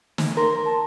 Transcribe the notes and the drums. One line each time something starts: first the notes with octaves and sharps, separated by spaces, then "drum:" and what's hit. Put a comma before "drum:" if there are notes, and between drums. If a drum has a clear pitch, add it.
drum: snare
A#4 C6
A5